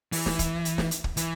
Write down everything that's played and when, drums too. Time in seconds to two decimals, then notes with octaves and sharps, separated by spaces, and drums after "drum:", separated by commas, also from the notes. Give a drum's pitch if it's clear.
0.12 E3, drum: open hi-hat
0.26 drum: snare
0.39 drum: kick, hi-hat
0.65 drum: hi-hat
0.78 drum: snare
0.91 drum: hi-hat
1.04 drum: kick
1.17 E3, drum: hi-hat